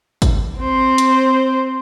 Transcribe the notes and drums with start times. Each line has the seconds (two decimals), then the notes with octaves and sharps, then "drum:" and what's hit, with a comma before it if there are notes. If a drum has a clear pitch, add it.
0.22 drum: kick G#1, hi-hat
0.60 C4 C5
0.98 drum: hi-hat